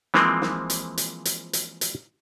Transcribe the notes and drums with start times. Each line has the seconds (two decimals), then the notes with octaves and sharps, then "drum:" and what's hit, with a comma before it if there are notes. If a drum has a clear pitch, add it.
0.14 E3 F3 G#3 A#3 C4, drum: snare
0.42 drum: snare
0.70 drum: hi-hat
0.98 drum: hi-hat
1.25 drum: hi-hat
1.53 drum: hi-hat
1.81 drum: hi-hat